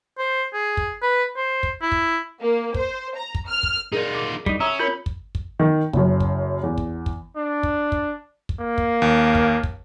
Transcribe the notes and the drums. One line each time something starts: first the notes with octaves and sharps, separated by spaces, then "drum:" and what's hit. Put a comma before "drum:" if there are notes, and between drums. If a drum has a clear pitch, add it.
C5
G#4
drum: kick
B4
C5
drum: kick
E4
drum: kick
A#3
C5, drum: kick
A#5
drum: kick
F6
drum: kick
D#4 F4 G#4 A#4 D5
D6
G3 D#4 C#6, drum: kick
C#4 E5 A#5 D#6
F4 A#4 C#5 B5 G6
drum: kick
drum: kick
D#3
F#1 F#2, drum: kick
drum: kick
E2
drum: kick
drum: kick
D4
drum: kick
drum: kick
drum: kick
A#3
drum: kick
D#2
drum: kick
drum: kick